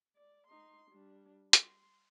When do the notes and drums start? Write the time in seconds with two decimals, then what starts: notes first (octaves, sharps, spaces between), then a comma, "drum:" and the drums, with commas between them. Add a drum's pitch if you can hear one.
0.16 D5
0.47 D#4 C6
0.91 G3 D4
1.53 C6, drum: hi-hat